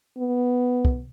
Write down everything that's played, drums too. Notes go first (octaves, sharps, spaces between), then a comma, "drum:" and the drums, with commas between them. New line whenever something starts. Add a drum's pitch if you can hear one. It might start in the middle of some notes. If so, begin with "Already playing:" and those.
B3
drum: kick